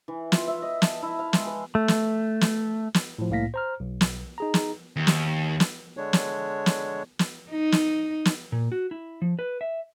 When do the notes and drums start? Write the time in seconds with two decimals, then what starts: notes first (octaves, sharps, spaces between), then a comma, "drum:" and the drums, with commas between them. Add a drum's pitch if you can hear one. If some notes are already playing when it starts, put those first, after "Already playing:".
0.08 E3
0.32 F4, drum: snare
0.48 E5
0.62 D#5
0.82 A5, drum: snare
1.02 E4
1.19 F5
1.33 G#3, drum: snare
1.47 B4
1.75 A3
1.88 drum: snare
2.41 drum: snare
2.94 drum: snare
3.18 A2 F3
3.30 C2 A2 A#3 F5 A#6 B6
3.54 C5 A#5 F6
3.80 B1
4.01 drum: snare
4.38 D#4 G#4 A#5
4.54 drum: snare
4.96 D#2
5.07 drum: snare
5.60 drum: snare
5.97 D3 G#3 D4 C#5
6.13 drum: snare
6.66 drum: snare
7.19 drum: snare
7.50 D#4
7.72 drum: snare
8.25 drum: snare
8.52 A#2
8.72 F#4
8.91 E4
9.22 F3
9.39 B4
9.61 E5